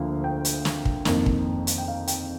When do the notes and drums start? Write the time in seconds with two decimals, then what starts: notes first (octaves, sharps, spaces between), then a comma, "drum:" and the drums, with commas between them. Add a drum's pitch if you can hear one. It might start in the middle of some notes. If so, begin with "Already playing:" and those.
Already playing: D2 D3 F3 A#3 F5
0.24 G5
0.45 drum: hi-hat
0.65 drum: snare
0.85 drum: kick
1.05 F2 D#3 A#3 D#4, drum: snare
1.26 drum: kick
1.67 drum: hi-hat
1.78 G5
1.88 F5
2.07 G5, drum: hi-hat